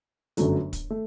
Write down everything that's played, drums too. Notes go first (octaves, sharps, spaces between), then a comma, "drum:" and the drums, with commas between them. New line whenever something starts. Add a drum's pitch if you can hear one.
G1 F#2 D3 F#3 A3, drum: hi-hat
drum: kick, hi-hat
A3